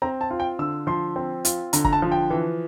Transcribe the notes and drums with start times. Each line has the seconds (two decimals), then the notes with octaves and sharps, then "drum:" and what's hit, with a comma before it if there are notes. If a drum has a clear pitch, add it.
0.02 C4 A#5
0.21 A5
0.31 F4
0.40 G5
0.59 D3 E6
0.87 F3 C6
1.16 C4
1.45 F4, drum: hi-hat
1.73 D3 A#5, drum: hi-hat
1.85 A#5, drum: kick
1.93 A5
2.02 F3
2.12 G5
2.30 E3